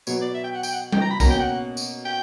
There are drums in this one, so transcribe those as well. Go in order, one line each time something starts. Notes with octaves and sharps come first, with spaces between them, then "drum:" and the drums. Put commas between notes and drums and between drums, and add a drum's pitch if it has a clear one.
B2 F#3 B3 C#5, drum: tambourine
D5
E5
G5
F#5
G5, drum: tambourine
F#5
G5, drum: tom G3
A#5
B5
B2 A#3 C#4 A#5, drum: kick, tambourine
G5
F#5
drum: tambourine
G5